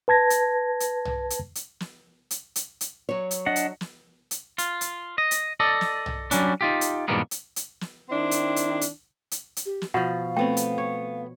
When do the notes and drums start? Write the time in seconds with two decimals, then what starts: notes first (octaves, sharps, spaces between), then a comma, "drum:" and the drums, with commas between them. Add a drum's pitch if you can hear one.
0.08 B4 A5 G#6 A#6
0.30 drum: hi-hat
0.80 drum: hi-hat
1.05 drum: tom B1
1.30 drum: hi-hat
1.55 drum: hi-hat
1.80 drum: snare
2.31 drum: hi-hat
2.56 drum: hi-hat
2.81 drum: hi-hat
3.09 F#3 C#5
3.31 drum: hi-hat
3.46 D4 D#5 F#5
3.56 drum: hi-hat
3.81 drum: snare
4.31 drum: hi-hat
4.58 F4, drum: hi-hat
4.81 drum: hi-hat
5.18 D#5
5.31 drum: hi-hat
5.60 A4 D5 D#5
5.81 drum: snare
6.06 drum: tom B1
6.31 F#3 G3 C#4 D4, drum: hi-hat
6.61 D#4 F4 G4
6.81 drum: hi-hat
7.08 E2 G#2 B2 G3 A#3 B3
7.31 drum: hi-hat
7.56 drum: hi-hat
7.81 drum: snare
8.10 D#3 C4 D4 E4
8.31 drum: hi-hat
8.56 drum: hi-hat
8.81 drum: hi-hat
9.31 drum: hi-hat
9.56 drum: hi-hat
9.66 G4
9.82 drum: snare
9.94 B2 F3 F5 F#5
10.37 A3 B3 C4 G5
10.57 drum: hi-hat
10.78 C#5